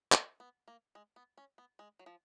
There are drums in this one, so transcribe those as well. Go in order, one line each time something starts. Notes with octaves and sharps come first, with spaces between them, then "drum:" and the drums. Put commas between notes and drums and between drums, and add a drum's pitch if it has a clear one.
A#3, drum: clap
B3
A#3
G#3
B3
C#4
B3
G#3
F#3
F3